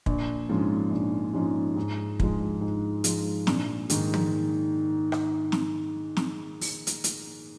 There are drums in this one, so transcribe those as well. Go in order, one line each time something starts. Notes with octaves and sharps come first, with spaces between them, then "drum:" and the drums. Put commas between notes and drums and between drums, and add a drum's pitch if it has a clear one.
A#1, drum: kick
G#2 F3 G#3 C#4
A#1
G#2 F3 G#3 C#4
G#2
F3 G#3, drum: kick
G#2
F3 G#3, drum: hi-hat
A#1, drum: snare
G#2 D#3, drum: hi-hat
drum: tom
drum: rim click
drum: snare
drum: snare
drum: open hi-hat
drum: hi-hat
drum: hi-hat